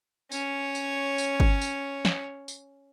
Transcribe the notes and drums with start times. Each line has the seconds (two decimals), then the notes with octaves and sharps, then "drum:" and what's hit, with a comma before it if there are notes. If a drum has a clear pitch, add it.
0.32 C#4 C#5, drum: tambourine
0.75 drum: tambourine
1.18 drum: tambourine
1.40 drum: kick G1
1.62 drum: tambourine
2.05 drum: snare
2.48 drum: tambourine